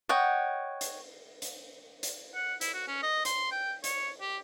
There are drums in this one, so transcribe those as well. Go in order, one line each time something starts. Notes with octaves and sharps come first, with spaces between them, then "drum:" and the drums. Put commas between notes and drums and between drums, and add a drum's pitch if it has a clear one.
C#5 D#5 F#5 G5
drum: hi-hat
drum: hi-hat
drum: hi-hat
F#5
E4, drum: hi-hat
F#4
C#4
D#5
C6, drum: hi-hat
G5
C#5, drum: hi-hat
G4